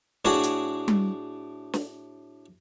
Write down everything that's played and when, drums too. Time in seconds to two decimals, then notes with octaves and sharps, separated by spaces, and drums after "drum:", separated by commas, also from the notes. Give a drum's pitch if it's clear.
0.25 A2 D4 F#4 G#4, drum: snare
0.43 drum: hi-hat
0.88 drum: tom G3
1.74 drum: snare